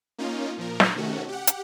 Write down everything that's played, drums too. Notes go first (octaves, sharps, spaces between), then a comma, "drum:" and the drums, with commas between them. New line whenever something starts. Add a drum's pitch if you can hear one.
A#3 C#4 D#4 F4
A#2 F3 A#4
drum: snare
C3 D#3 A3 C#4 F#4
G4 F#5
drum: hi-hat